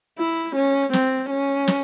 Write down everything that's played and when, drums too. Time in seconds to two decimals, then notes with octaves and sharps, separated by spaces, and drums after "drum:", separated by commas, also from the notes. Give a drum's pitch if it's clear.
0.18 E4
0.56 C#4
0.93 C4, drum: snare
1.30 C#4
1.68 drum: snare